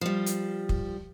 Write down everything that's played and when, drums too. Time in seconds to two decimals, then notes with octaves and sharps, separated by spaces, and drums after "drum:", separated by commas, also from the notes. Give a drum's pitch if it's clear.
0.01 F3 G3
0.26 drum: hi-hat
0.69 drum: kick